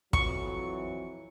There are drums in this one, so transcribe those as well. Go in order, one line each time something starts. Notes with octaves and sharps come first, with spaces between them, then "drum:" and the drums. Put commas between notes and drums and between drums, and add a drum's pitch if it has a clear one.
F2 E3 F#3 C#6, drum: kick